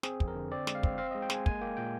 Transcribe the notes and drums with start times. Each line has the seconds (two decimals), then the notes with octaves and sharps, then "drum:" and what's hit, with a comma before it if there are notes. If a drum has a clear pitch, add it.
0.03 C4 G#4, drum: snare
0.20 F2, drum: kick
0.28 A#4
0.35 D3
0.52 C4 D5
0.67 G#3, drum: snare
0.75 F5
0.83 C4, drum: kick
0.98 C4 F5
1.11 D#5
1.15 G#3
1.22 G5
1.30 G#3 G#5, drum: snare
1.46 A#3 G#5, drum: kick
1.61 A#3 G5
1.77 A#2 G5